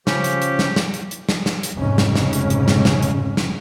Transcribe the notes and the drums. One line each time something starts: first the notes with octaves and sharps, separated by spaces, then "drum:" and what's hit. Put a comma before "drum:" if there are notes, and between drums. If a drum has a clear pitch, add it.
C#3 F3 C#4 G4, drum: snare
drum: hi-hat
drum: hi-hat
drum: snare
drum: snare
drum: hi-hat
drum: hi-hat
drum: snare
drum: snare
drum: hi-hat
F1 F2 G#2 C#3 C#4
drum: snare
drum: snare
drum: hi-hat
drum: hi-hat
drum: snare
drum: snare
drum: hi-hat
drum: snare